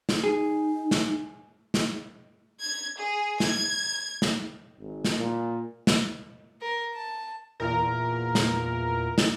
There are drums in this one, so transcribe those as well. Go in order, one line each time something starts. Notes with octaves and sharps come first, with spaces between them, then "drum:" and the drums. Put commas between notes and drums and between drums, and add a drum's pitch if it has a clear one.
drum: snare
D#4 G#4
drum: snare
drum: snare
G#6
G#4
G#6, drum: snare
drum: snare
G#1
drum: snare
A#2
drum: snare
A#4
A5
E2 A#2 A#4
drum: snare
drum: snare